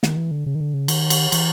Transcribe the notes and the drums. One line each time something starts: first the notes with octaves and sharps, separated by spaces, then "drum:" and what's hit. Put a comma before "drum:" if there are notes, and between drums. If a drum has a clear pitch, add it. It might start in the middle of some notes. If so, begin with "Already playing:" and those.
D#3, drum: snare
E3
D3
C#3
D#3
D3
C#3
D#3, drum: cymbal
drum: cymbal
E3, drum: cymbal